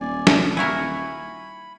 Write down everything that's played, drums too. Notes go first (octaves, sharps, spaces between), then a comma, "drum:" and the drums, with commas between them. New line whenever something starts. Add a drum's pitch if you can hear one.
D#1 D5 G#5
drum: snare
E4 F#4 A#4 G#5 B5 C#6